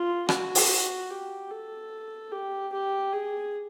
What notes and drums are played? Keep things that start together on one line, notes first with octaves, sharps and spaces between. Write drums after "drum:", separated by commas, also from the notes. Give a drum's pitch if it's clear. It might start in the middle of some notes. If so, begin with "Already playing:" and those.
Already playing: F4
F#4, drum: rim click
drum: open hi-hat
G4
A4
G4
G4
G#4